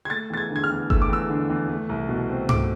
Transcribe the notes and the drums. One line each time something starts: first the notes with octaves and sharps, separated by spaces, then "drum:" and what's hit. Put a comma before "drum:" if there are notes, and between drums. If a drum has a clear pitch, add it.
G#6
A3 A6
E2 A6
G#6
D3
G#6
F6
E2
A3 E6, drum: kick G1
D6
E2 E6
D3
E2
A3
C2
B2
C4
A3 D6, drum: tom G#2